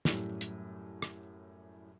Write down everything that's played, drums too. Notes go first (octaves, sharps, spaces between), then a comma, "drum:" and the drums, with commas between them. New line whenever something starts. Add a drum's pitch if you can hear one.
F#2 A2 G3, drum: snare
drum: hi-hat
drum: rim click